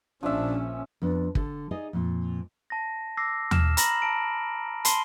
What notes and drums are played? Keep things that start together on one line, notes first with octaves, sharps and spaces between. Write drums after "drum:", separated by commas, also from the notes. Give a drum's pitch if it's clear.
A#1 F3 C#4 D4 E5
F2 B3 D4
D3 A4, drum: kick
D#4 G#4 D5 D#5
F2 A#2
A5 A#6
D6 E6 A#6 C7
F6 E7, drum: tom
A#5 B5 A#6 F#7, drum: hi-hat
A5 D7
A5 B5 C6 C7 G7, drum: hi-hat